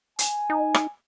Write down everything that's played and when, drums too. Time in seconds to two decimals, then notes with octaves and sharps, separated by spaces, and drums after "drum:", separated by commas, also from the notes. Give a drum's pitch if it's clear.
0.19 G#5, drum: hi-hat
0.50 D#4
0.74 drum: rim click